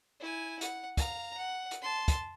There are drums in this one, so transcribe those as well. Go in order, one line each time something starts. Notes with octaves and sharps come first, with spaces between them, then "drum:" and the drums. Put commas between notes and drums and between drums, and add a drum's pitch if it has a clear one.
E4 G#5
F#5, drum: hi-hat
F5 A#5, drum: kick, hi-hat
F#5
drum: hi-hat
A5 C6
drum: kick, hi-hat